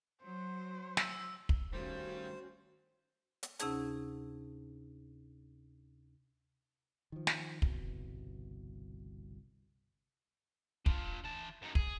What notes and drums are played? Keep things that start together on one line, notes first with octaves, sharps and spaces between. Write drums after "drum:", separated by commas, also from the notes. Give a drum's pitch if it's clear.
F#3 C5
E6, drum: snare
drum: kick
G2 D#3 G3 A3 C#4 F#4 C5
drum: hi-hat
D2 C3 C#4 D#4 G#4 A5, drum: hi-hat
D#3 F3
drum: snare
G1 C2 B2, drum: kick
D4 F4, drum: kick
E3 A5
F#2 D#4
G#4, drum: kick